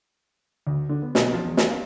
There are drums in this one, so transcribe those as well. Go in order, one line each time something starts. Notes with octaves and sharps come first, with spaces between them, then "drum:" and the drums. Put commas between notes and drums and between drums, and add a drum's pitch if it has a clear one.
D2
D3
B3
B1, drum: snare
F3
E2
D#5, drum: snare
F5